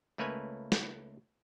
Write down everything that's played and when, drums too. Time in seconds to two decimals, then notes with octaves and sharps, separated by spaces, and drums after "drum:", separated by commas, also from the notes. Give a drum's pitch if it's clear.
0.18 C#2 A3 A#3 B4 C#5 G#5
0.72 drum: snare